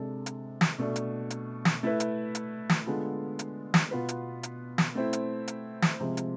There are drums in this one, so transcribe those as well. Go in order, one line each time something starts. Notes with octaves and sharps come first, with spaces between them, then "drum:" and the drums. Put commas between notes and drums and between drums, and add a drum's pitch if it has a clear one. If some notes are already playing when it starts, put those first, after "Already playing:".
Already playing: C3 G#3 D4 A4
drum: hi-hat
drum: snare
B2 A3 D4
drum: hi-hat
drum: hi-hat
drum: snare
A3 E4 B4
drum: hi-hat
drum: hi-hat
drum: snare
D3 G#3 B3 F4 A4
drum: hi-hat
drum: snare
B2 B3 F4 B4
drum: hi-hat
drum: hi-hat
drum: snare
A3 C4 E4
drum: hi-hat
drum: hi-hat
drum: snare
C3 F3 G#3
drum: hi-hat